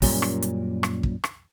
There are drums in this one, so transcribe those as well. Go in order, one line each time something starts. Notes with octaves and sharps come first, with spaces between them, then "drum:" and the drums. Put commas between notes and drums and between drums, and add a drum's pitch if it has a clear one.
F#2 A#2 G3 C#4, drum: kick, open hi-hat
drum: rim click
drum: hi-hat
drum: rim click
drum: kick
drum: rim click